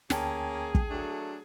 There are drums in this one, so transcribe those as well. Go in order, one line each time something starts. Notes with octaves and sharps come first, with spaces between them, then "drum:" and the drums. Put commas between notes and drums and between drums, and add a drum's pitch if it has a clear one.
D2 A#3 C#4 G#4 G5 A5, drum: snare
drum: kick
F#3 A3 D4